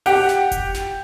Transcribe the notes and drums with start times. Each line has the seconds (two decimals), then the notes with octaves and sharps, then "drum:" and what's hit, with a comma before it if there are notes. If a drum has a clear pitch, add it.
0.06 G4 F#5 G5, drum: open hi-hat
0.29 drum: snare
0.52 drum: kick F1, hi-hat
0.74 drum: snare